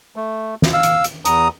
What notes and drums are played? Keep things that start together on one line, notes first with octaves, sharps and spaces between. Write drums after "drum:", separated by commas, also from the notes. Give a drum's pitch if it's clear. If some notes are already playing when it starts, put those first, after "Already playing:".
A3
drum: snare
F5 E6
drum: hi-hat
drum: hi-hat
E2 A#5 D#6, drum: hi-hat